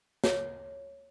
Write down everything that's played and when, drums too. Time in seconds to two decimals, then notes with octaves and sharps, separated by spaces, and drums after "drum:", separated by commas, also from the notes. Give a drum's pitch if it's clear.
0.24 C#5, drum: snare